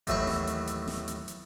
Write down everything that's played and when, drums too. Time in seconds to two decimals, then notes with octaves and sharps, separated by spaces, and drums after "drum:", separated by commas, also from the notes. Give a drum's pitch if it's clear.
0.07 D#2 A2 E3 F#3 B5 C#6, drum: kick G#1, hi-hat
0.27 drum: snare
0.47 drum: hi-hat
0.67 drum: hi-hat
0.88 drum: snare
1.08 drum: hi-hat
1.28 drum: hi-hat